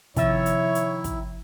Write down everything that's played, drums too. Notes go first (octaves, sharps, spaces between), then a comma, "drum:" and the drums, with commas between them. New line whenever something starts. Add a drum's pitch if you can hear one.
C3 D#3 F3 E4 C#5 E5, drum: kick, hi-hat
drum: hi-hat
drum: hi-hat
drum: kick, hi-hat